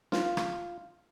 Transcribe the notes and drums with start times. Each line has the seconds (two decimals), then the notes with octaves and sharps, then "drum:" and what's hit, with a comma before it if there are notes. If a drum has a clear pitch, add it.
0.12 F4, drum: snare
0.37 drum: rim click